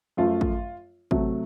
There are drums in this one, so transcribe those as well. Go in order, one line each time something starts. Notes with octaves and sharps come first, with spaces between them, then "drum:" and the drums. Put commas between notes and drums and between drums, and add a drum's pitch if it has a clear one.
F#2 F3 A3 F4
drum: kick
C3 F#3 A3, drum: kick